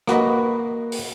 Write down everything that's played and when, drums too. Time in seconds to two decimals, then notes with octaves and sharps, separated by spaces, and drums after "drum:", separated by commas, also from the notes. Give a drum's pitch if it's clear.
0.07 A#3 F#4 B4 D#5, drum: rim click
0.92 drum: open hi-hat